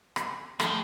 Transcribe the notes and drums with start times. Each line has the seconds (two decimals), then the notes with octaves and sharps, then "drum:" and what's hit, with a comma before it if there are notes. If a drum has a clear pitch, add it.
0.16 drum: rim click
0.60 F3 A3 G#4 G5, drum: rim click